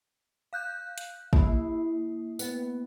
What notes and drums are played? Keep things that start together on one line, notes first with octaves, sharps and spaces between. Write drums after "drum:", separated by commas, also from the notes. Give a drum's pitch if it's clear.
F5 F#6 G6
drum: hi-hat
A#3 E4, drum: kick
B3, drum: tambourine